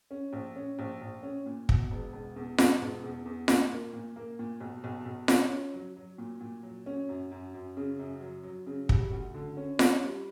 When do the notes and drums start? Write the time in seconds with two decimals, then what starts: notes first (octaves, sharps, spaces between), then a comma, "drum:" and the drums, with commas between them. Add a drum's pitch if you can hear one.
0.11 C#4
0.33 A#1
0.56 C#4
0.79 A#1
1.01 A#1
1.23 C#4
1.46 A#2
1.69 B2, drum: kick
1.91 E1
2.13 E1
2.36 E2
2.58 E1, drum: snare F4
2.81 E1
3.03 E2
3.25 E2
3.48 A#2, drum: snare F4
3.71 A#3
3.93 A#2
4.16 A#3
4.39 A#2
4.61 B1
4.84 B1
5.05 B1
5.28 C#4, drum: snare F4
5.51 C#4
5.74 F#3
5.96 F#3
6.18 A#2
6.41 A#2
6.63 F#3
6.86 C#4
7.09 F#2
7.31 F#2
7.54 F#2
7.77 C#3
7.99 F#2
8.21 F#3
8.43 F#3
8.66 C#3
8.89 G3, drum: kick
9.11 D2
9.34 D3
9.57 C#4
9.79 C#4, drum: snare F4
10.02 G3